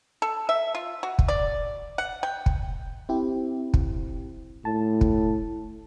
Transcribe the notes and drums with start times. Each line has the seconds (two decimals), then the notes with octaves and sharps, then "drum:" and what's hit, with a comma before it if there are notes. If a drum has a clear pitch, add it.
0.22 A4
0.49 E5
0.75 F4
1.03 F#4
1.19 drum: kick
1.28 D5
1.98 F#5
2.23 G5
2.46 drum: kick
3.09 C4 E4 G4
3.74 drum: kick
4.65 A2 A5
5.01 drum: kick